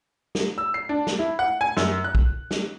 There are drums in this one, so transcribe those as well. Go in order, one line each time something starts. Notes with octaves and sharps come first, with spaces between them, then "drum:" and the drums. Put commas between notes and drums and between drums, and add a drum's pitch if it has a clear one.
drum: snare
E6
C7
D4
drum: snare
E4
F#5
G#5
F#2, drum: snare
F#6
drum: kick B1
drum: snare